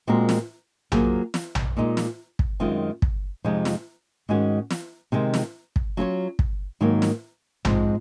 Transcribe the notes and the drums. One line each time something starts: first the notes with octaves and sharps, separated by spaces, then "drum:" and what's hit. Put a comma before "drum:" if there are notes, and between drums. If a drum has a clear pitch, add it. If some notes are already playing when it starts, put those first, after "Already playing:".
A#2 G#3 C4 F#4 A#4
drum: snare
F#3 A#3 F4 G#4 C5, drum: tom A#1
drum: snare
drum: tom A#1
A#2 G#3 D#4
drum: snare
drum: kick
F#2 D#3 G#3 C4 F4
drum: kick
F2 C3 F3 G#3 D#4
drum: snare
G#2 D#3 G#3 C#4 F#4
drum: snare
C3 D#3 G#3
drum: snare
drum: kick
F#3 C#4 F4 A#4 C#5
drum: kick
G#2 D#3 F#3 A#3
drum: snare
G#2 F3 G#3 C4, drum: tom A#1